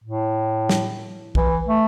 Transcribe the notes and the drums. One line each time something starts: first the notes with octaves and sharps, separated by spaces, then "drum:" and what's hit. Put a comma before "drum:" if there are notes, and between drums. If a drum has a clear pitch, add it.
A2
drum: snare
E3, drum: kick
A3